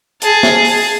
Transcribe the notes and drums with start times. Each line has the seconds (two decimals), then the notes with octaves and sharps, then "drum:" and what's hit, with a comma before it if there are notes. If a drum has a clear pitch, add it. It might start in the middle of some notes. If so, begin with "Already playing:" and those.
0.22 G#4 A5, drum: hi-hat
0.43 drum: snare
0.65 drum: open hi-hat